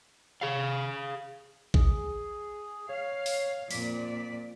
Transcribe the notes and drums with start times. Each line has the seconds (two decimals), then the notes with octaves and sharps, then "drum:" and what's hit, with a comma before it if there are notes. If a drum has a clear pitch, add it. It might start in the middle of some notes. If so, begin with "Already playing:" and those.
0.41 G#4 F5
1.74 G#4, drum: kick A1
2.89 C#5 F5
3.26 drum: open hi-hat
3.71 F2 A#2 D5 B6, drum: open hi-hat